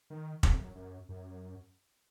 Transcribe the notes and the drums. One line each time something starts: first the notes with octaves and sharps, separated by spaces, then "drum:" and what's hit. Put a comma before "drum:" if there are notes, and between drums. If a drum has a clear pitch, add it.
D#3
F2, drum: kick
F#2
F#2
F#2